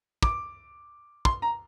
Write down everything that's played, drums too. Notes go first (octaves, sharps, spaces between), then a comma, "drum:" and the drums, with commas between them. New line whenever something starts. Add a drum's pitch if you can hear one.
D6, drum: kick
C6, drum: kick
A#5